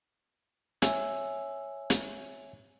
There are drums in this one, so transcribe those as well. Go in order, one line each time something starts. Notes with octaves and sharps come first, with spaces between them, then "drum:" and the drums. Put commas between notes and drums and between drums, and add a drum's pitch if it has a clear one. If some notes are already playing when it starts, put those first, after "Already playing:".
C#5 E5 G#5 E6, drum: hi-hat
drum: hi-hat